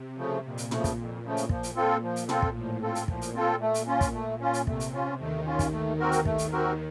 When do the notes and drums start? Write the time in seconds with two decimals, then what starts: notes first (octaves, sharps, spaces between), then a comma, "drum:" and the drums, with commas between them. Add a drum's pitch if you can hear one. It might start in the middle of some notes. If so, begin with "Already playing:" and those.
Already playing: C3
0.18 C#3 F3 A3
0.44 F2 A#2
0.58 drum: hi-hat
0.71 C#3 F3 A3, drum: tom
0.84 drum: kick, hi-hat
0.98 F2
1.24 C#3 F3 A3
1.37 drum: hi-hat
1.49 F3, drum: kick
1.63 drum: hi-hat
1.76 C4 F4 A4
2.03 F3
2.16 drum: hi-hat
2.29 C4 F4 A4, drum: tom
2.42 drum: kick
2.55 A2 F3
2.82 C4 F4 A4
2.95 drum: hi-hat
3.08 A#2 F3, drum: kick
3.22 drum: hi-hat
3.34 C4 F4 A4
3.61 A3
3.74 drum: hi-hat
3.87 C#4 F4
4.01 drum: kick, hi-hat
4.14 A3
4.41 C#4 F4
4.54 drum: hi-hat
4.67 C3 A3, drum: kick
4.80 drum: hi-hat
4.93 C#4 F4
5.19 D#2 D#3 A3
5.47 C#4 F4
5.59 drum: kick, hi-hat
5.72 D#2 D#3 A3
5.99 C4 F#4 A#4
6.12 drum: hi-hat
6.25 A3, drum: kick
6.38 drum: hi-hat
6.52 C4 F#4 A#4